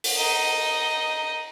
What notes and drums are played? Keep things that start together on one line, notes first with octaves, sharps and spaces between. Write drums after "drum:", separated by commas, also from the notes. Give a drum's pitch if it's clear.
drum: open hi-hat
D#4 D#5